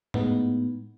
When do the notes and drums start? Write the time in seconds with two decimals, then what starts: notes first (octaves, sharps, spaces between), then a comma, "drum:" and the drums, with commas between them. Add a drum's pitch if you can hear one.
0.14 A2 G#3 B3 D#4, drum: tom G#2